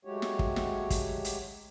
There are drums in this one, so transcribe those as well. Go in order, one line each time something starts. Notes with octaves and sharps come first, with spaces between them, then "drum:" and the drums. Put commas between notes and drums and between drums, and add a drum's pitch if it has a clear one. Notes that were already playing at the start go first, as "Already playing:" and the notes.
F#3 G#3 A3 F#4 G4 C#5
drum: snare
drum: kick
drum: snare
drum: kick, hi-hat
drum: hi-hat